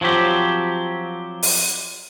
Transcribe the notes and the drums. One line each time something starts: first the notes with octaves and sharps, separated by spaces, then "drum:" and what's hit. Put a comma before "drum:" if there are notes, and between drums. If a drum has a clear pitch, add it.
F3 F#3 C4 G4
drum: open hi-hat